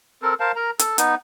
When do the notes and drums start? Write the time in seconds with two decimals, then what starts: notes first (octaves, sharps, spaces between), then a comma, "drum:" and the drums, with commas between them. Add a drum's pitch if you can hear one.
0.22 C4 A4 A#4
0.40 A#4 C5 F5 A5
0.56 A#4 A#5
0.79 A4, drum: hi-hat
0.98 B3 D#4, drum: hi-hat